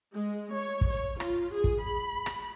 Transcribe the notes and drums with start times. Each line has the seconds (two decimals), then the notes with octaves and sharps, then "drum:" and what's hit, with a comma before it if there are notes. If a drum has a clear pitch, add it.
0.15 G#3
0.54 C#5
0.81 drum: kick
0.91 C#5
1.20 F4, drum: rim click
1.53 G#4
1.64 drum: kick
1.85 B5
2.26 drum: rim click